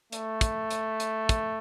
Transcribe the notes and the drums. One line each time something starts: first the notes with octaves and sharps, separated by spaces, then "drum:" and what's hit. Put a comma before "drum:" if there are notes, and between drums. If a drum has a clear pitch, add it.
A3, drum: hi-hat
drum: kick, hi-hat
drum: hi-hat
drum: hi-hat
drum: kick, hi-hat